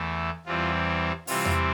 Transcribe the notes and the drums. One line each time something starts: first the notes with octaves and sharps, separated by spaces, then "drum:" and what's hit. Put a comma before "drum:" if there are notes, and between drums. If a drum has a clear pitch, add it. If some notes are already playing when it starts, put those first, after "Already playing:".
Already playing: E2 E3 A3
E2 E3 G3 C4 F4
C3 E3 G3 C4 F4, drum: open hi-hat
drum: tom E2